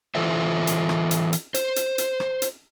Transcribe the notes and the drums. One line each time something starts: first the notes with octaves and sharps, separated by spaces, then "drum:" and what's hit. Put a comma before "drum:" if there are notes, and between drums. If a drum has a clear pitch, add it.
E3 F4 A4 C5 E5
drum: hi-hat
drum: rim click
drum: hi-hat
drum: hi-hat
C5, drum: hi-hat
drum: hi-hat
drum: hi-hat
drum: rim click
drum: hi-hat